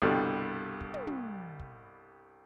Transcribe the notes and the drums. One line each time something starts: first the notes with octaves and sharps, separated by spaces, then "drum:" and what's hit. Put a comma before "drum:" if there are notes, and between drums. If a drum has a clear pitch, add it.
C2 G2 B2 D3 G3, drum: kick
drum: kick
drum: tom
drum: tom
drum: kick